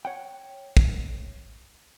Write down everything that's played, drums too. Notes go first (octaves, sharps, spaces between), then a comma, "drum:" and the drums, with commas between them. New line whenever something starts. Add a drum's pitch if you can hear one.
C#5 F#5 G5
drum: kick